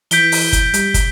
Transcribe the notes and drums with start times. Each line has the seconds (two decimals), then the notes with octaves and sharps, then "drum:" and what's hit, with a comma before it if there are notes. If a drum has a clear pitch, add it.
0.11 E3 G6 B6 D7 G7, drum: hi-hat
0.32 drum: open hi-hat
0.53 drum: kick, hi-hat
0.74 G3, drum: hi-hat
0.94 drum: kick, hi-hat